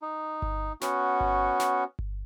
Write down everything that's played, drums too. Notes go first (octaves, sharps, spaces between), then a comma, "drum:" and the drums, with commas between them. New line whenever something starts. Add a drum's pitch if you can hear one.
D#4
drum: kick G1
B3 C#4 F#4, drum: snare
drum: kick G1
drum: snare
drum: kick G1